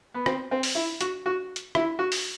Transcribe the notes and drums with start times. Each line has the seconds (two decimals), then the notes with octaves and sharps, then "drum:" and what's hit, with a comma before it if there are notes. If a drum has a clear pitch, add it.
0.14 B3
0.26 C4, drum: rim click
0.51 C4
0.63 drum: open hi-hat
0.75 E4
1.01 F#4, drum: hi-hat
1.26 F#4
1.56 drum: hi-hat
1.75 E4, drum: rim click
1.99 F#4
2.12 drum: open hi-hat